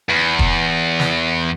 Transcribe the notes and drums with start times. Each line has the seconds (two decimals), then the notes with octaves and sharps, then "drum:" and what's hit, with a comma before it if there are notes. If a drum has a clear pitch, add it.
0.09 E2
0.39 drum: kick
1.00 drum: snare